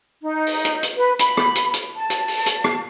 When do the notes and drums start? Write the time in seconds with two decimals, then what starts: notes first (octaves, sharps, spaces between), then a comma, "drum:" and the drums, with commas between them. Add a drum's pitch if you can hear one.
0.22 D#4
0.47 drum: open hi-hat
0.65 drum: hi-hat
0.83 drum: hi-hat
0.97 B4
1.19 B5, drum: hi-hat
1.37 drum: rim click
1.55 drum: hi-hat
1.74 drum: hi-hat
1.96 A5
2.10 drum: hi-hat
2.28 drum: open hi-hat
2.46 drum: hi-hat
2.64 drum: rim click